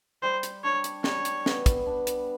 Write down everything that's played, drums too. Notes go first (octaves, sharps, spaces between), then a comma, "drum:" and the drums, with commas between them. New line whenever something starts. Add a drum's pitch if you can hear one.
G3 C5
drum: hi-hat
D4 C#5
drum: hi-hat
G3 C#5, drum: snare
drum: hi-hat
B3, drum: snare
drum: kick, hi-hat
D4
drum: hi-hat